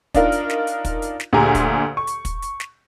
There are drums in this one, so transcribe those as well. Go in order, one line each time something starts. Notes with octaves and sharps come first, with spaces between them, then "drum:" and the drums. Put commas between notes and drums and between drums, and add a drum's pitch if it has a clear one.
D4 D#4 F4 A#4, drum: kick, hi-hat
drum: hi-hat
drum: snare
drum: hi-hat
drum: kick, hi-hat
drum: hi-hat
drum: snare
D2 A#2 G4 G#4 G#5 A#5
drum: kick, hi-hat
C#6
drum: hi-hat
drum: kick, hi-hat
drum: hi-hat
drum: snare